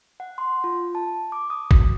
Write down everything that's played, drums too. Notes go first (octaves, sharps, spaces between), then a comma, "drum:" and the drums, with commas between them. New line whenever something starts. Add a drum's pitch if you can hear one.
F#5
C6
F4
A5
D6
D#6
F#4, drum: kick